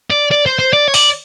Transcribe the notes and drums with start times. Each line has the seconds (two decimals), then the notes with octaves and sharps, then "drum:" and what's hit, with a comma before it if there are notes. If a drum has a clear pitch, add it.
0.11 D5
0.31 D5
0.46 C5
0.59 C5
0.73 D5
0.88 C#5
0.94 D5, drum: open hi-hat